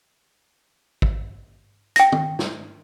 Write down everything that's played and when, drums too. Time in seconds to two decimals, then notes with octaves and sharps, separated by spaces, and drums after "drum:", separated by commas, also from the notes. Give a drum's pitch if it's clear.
1.02 drum: kick
1.96 G5 A#6, drum: hi-hat
2.12 drum: tom
2.39 drum: snare